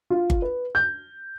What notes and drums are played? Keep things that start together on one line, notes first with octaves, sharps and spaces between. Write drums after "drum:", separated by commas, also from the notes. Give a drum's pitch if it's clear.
F4
drum: kick G1
B4
G6